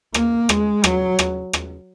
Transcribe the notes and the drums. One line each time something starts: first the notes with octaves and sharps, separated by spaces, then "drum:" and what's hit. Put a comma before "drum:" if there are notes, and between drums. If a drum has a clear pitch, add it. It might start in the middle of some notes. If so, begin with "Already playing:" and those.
A#3, drum: rim click
G#3, drum: rim click
F#3, drum: rim click
drum: rim click
drum: rim click